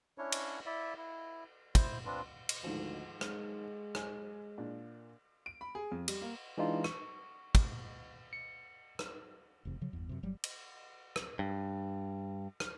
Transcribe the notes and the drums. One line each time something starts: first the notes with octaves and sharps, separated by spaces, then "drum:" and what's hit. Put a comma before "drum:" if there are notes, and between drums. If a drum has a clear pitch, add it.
C#4 D4 E4 C#5
drum: cymbal
E4 D5 E5
E4
E4 C5, drum: kick, cymbal
C4 D4 F4 B4
drum: cymbal
D2 G#2 D#3 F3
G#3, drum: rim click
G#5, drum: rim click
A#2 D4
D7
B5
G#4
F2
G3, drum: cymbal
A#3
E3 G#3 D4 D#4 F4
C#6, drum: rim click
drum: kick, cymbal
C#7
drum: rim click
F1 E2 C3
C#3 F3 F#3
G1 E2
F#2 C3
G1 F#3 G3
drum: cymbal
drum: rim click
G2
drum: rim click